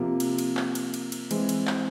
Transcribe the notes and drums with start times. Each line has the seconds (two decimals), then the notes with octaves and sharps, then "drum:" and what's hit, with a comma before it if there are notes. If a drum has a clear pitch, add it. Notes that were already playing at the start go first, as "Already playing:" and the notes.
Already playing: C3 F3 A#3
0.20 drum: cymbal
0.38 drum: cymbal
0.57 drum: clap
0.75 drum: cymbal
0.94 drum: cymbal
1.12 drum: cymbal
1.31 E3 G#3 C4, drum: cymbal
1.49 drum: cymbal
1.67 drum: clap